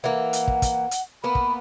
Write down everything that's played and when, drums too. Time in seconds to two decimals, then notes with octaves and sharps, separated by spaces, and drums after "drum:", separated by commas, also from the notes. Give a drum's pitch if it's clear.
0.04 E3 A#3 F#5
0.33 drum: hi-hat
0.48 drum: kick
0.62 drum: kick, hi-hat
0.91 drum: hi-hat
1.24 A#3 B3 B5
1.35 drum: kick